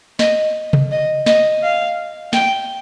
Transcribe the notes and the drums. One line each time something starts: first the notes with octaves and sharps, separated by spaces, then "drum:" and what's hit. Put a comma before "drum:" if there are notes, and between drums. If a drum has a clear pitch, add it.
D#5, drum: snare
drum: tom C3
D#5
D#5, drum: snare
F5
G5, drum: snare